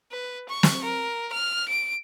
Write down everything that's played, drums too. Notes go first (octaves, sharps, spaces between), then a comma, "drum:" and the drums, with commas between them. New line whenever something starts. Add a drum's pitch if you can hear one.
B4
C#6
drum: snare
A#4
F6
D7